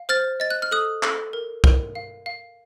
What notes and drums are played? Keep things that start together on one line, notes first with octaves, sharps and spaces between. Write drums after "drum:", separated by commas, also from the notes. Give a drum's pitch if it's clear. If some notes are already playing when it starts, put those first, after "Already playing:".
Already playing: F5
C5 F6 A6
D#5 A6
F#6
F6
A4 D#6 F#6
A4, drum: clap
A#4
A#4, drum: kick B1
F5
F5